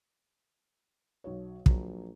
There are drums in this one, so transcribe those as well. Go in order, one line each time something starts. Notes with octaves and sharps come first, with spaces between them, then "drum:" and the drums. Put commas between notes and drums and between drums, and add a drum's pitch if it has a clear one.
B1 F#4 C#5
A#1 F#3, drum: kick